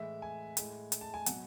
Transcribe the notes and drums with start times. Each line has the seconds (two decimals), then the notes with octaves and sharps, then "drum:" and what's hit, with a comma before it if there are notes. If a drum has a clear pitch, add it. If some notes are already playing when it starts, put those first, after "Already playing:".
Already playing: A2 E3 G#3 E5
0.22 G#5
0.57 A2 G#3, drum: hi-hat
0.92 drum: hi-hat
1.01 A5
1.14 G#5
1.26 B2 F#3 F#5, drum: hi-hat